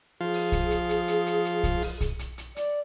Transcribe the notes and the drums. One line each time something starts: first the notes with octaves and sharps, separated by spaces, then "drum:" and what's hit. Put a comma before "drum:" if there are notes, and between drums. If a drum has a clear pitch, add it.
F3 F4 G#4
drum: open hi-hat
drum: kick, hi-hat
drum: hi-hat
drum: hi-hat
drum: hi-hat
drum: hi-hat
drum: hi-hat
drum: kick, hi-hat
drum: open hi-hat
drum: kick, hi-hat
drum: hi-hat
drum: hi-hat
D5, drum: hi-hat